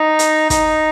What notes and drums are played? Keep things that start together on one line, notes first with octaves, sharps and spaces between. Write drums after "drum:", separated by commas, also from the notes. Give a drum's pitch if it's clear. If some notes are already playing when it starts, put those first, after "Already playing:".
Already playing: D#4
drum: hi-hat
D#4, drum: kick, hi-hat